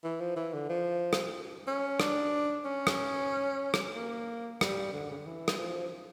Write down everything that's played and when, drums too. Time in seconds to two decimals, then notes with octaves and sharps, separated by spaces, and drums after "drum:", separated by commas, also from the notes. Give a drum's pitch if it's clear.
0.04 E3
0.20 F3
0.36 E3
0.53 D3
0.69 F3
1.13 drum: rim click
1.67 C#4
2.00 D4, drum: rim click
2.65 C#4
2.87 drum: rim click
3.74 drum: rim click
3.95 A#3
4.61 G3, drum: rim click
4.93 D3
5.10 C#3
5.17 D3
5.25 E3
5.48 drum: rim click
5.58 F3